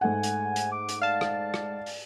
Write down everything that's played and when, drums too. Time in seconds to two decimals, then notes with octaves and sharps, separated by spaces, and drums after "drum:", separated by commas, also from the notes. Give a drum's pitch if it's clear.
0.01 G#2 A3 F#5 G#5
0.23 drum: hi-hat
0.56 drum: hi-hat
0.72 D6
0.89 drum: hi-hat
1.02 D5 F5 A5
1.21 drum: rim click
1.54 drum: rim click
1.86 drum: open hi-hat